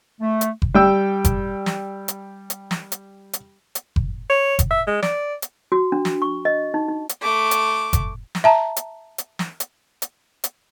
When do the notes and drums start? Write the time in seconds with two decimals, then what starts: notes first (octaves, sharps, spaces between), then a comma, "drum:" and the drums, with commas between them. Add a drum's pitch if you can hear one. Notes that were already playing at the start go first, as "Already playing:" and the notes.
0.21 A3
0.41 drum: hi-hat
0.62 drum: kick F#1
0.75 G3 G5 E6
1.24 drum: kick F#1, hi-hat
1.66 drum: snare
2.08 drum: hi-hat
2.50 drum: hi-hat
2.71 drum: snare
2.92 drum: hi-hat
3.33 drum: hi-hat
3.75 drum: hi-hat
3.96 drum: kick F#1
4.30 C#5
4.59 drum: kick F#1, hi-hat
4.71 E5
4.87 G#3
5.03 D5, drum: snare
5.42 drum: hi-hat
5.72 F#4
5.92 D4
6.05 drum: snare
6.22 C#6
6.45 D#5
6.74 D#4
6.88 D#4
7.09 drum: hi-hat
7.22 A3 D6
7.51 drum: hi-hat
7.93 drum: kick F#1, hi-hat
8.35 drum: snare
8.44 E5 A5 A#5
8.76 drum: hi-hat
9.18 drum: hi-hat
9.39 drum: snare
9.60 drum: hi-hat
10.02 drum: hi-hat
10.44 drum: hi-hat